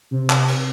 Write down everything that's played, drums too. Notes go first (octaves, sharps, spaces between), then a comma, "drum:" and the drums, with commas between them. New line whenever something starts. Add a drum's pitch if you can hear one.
C3
drum: clap
drum: cymbal